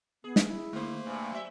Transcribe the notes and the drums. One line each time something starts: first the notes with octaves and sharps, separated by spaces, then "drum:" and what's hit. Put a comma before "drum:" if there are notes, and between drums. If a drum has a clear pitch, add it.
B3 G#4
drum: snare
E4
D3 A3 A#3 C5
G2 C3 G#5
F#3 E5